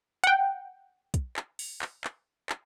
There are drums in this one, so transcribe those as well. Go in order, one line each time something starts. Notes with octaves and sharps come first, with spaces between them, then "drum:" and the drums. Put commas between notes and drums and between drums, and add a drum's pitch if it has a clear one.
F#5 G5, drum: hi-hat
drum: kick, hi-hat
drum: clap
drum: open hi-hat
drum: clap
drum: clap
drum: clap